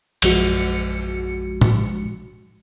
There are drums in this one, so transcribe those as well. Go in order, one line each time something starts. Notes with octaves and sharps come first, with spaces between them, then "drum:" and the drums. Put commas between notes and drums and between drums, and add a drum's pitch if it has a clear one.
A#1 F#2 F3 G#3 F#4 C#7, drum: cymbal
drum: tom